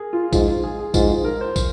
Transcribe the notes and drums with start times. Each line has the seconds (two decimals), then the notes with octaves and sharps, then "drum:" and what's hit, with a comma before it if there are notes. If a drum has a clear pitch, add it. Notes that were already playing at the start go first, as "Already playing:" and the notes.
Already playing: G#4 A#4
0.13 F4
0.33 G#2 F4, drum: kick, tambourine
0.48 F4
0.64 G#4
0.79 G#4
0.94 G#2 F4, drum: kick, tambourine
1.10 F4
1.24 A#4
1.41 C5
1.56 drum: kick, tambourine